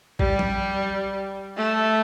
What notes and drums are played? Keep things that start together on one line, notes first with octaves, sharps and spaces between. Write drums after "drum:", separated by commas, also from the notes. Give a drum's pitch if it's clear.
G3, drum: kick A#1
drum: tom F3
A3